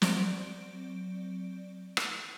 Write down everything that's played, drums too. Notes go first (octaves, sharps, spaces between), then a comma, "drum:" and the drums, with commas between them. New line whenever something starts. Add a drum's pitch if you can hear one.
F#3 C4 D5 D7, drum: snare
drum: rim click